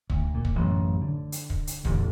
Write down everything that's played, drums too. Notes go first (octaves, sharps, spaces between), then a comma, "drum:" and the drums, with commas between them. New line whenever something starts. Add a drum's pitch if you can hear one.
D2, drum: kick
A#2
drum: kick
A1 F#2
D3
drum: hi-hat
drum: kick
drum: hi-hat
A1 E2 D3, drum: kick